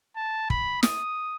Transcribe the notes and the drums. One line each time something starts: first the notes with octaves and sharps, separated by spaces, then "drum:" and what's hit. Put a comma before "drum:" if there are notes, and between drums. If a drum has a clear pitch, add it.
A5
B5, drum: kick
D#6, drum: snare